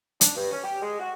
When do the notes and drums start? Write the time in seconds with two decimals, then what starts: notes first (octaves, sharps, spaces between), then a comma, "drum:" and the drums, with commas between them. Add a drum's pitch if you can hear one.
0.21 D4, drum: hi-hat
0.35 G2
0.51 C#4
0.64 G4
0.82 G#3
1.00 F#4